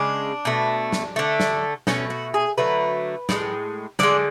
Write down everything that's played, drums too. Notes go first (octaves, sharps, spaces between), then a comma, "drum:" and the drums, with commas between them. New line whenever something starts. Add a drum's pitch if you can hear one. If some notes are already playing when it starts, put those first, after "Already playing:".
Already playing: C#3 G#3 D4
B2 A3
drum: snare
D3 A3
drum: snare
B2 A3 C#4, drum: snare
F#4
G#4
D3 F#3 A3 B4
A2 G#3, drum: snare
D3 G#3 D5, drum: snare